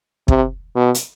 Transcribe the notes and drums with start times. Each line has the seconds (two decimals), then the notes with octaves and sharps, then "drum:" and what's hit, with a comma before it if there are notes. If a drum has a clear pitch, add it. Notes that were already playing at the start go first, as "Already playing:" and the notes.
0.28 C3, drum: kick
0.76 B2
0.94 drum: hi-hat